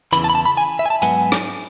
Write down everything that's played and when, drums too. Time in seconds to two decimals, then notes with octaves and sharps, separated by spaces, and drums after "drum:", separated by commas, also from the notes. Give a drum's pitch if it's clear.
0.13 E2 C#3 E3 B5, drum: hi-hat
0.24 A5
0.30 B5
0.35 A5
0.46 B5
0.57 G#5
0.79 E5
0.86 G#5
0.90 A5
1.02 G#2 F#3 B3 G#5, drum: hi-hat
1.32 drum: rim click